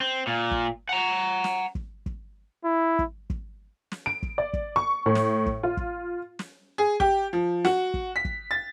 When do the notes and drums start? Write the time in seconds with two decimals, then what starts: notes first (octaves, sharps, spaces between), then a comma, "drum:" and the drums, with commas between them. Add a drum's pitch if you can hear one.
0.01 C4
0.27 A#2
0.51 drum: kick
0.89 F#5 A#5
1.44 drum: snare
1.75 drum: kick
2.06 drum: kick
2.65 E4
2.99 drum: kick
3.30 drum: kick
3.92 drum: snare
4.06 D7
4.23 drum: kick
4.38 D5
4.53 drum: kick
4.76 C#6
5.06 A2
5.15 drum: snare
5.46 drum: kick
5.63 F4
5.77 drum: kick
6.39 drum: snare
6.78 G#4
7.00 G4, drum: kick
7.33 F3
7.65 F#4, drum: snare
7.94 drum: kick
8.16 B6
8.25 drum: kick
8.51 A6